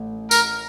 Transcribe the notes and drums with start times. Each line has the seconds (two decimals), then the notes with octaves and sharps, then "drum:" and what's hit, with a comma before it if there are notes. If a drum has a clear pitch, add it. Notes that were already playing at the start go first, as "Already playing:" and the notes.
Already playing: A1
0.31 A#4, drum: tambourine